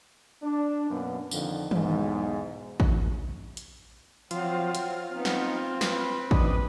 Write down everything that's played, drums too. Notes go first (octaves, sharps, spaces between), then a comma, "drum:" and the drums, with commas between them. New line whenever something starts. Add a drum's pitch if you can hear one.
D4
F#2 B2 A#3 B3
F2 D3 D#3, drum: tambourine
B1 E2 G#2, drum: tom D#3
drum: kick A1
drum: hi-hat
F3 F#3 C4 F4 C5, drum: hi-hat
F4, drum: hi-hat
B3 C4 D#4
drum: snare
B4, drum: snare
D4 D#5, drum: kick A1